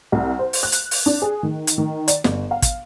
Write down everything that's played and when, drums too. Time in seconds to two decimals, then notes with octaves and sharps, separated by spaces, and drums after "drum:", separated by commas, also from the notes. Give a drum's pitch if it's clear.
0.12 C2
0.39 C5
0.53 drum: open hi-hat
0.63 F#6
0.72 drum: hi-hat
0.91 drum: open hi-hat
1.06 D4
1.22 G#4
1.43 D#3
1.67 drum: hi-hat
1.78 D#3
2.08 D5, drum: hi-hat
2.24 G1, drum: snare
2.51 F5
2.62 drum: kick, hi-hat